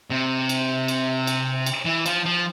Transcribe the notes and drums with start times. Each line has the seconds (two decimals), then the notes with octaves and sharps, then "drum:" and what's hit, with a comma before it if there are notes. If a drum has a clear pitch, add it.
0.10 C3
0.49 drum: cymbal
0.88 drum: cymbal
1.27 drum: cymbal
1.66 drum: cymbal
1.85 E3
2.06 F3, drum: cymbal
2.25 F3